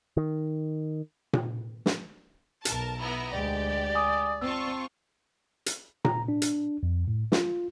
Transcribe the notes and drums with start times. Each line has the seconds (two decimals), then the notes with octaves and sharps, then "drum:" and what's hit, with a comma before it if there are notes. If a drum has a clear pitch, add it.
0.17 D#3
1.33 drum: tom A#2
1.86 drum: snare
2.65 B1 A#4 A5, drum: hi-hat
3.00 B3 E4 A#5
3.31 D2 G#3 G4 D5
3.95 G#5 D6 D#6
4.41 C4 F4 A5 C#6 E6
5.66 drum: hi-hat
6.05 A#5, drum: tom A#2
6.28 D4
6.42 drum: hi-hat
6.83 F2
7.08 A2
7.32 F4, drum: snare